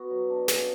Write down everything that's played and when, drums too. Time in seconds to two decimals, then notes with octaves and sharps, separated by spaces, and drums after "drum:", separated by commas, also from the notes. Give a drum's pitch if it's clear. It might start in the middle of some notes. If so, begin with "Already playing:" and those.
Already playing: B3 F#4
0.10 F#3
0.30 D4
0.48 C#3 G#4, drum: snare